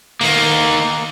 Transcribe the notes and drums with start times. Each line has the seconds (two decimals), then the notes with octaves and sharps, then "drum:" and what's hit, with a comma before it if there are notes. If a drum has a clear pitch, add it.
0.21 D#3 A#3, drum: open hi-hat